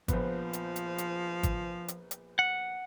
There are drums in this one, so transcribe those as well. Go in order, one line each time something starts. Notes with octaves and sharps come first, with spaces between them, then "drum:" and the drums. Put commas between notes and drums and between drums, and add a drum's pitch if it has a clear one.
A#1 F3 B3, drum: kick G#1, hi-hat
drum: hi-hat
drum: hi-hat
drum: hi-hat
drum: kick G#1, hi-hat
drum: hi-hat
drum: hi-hat
F#5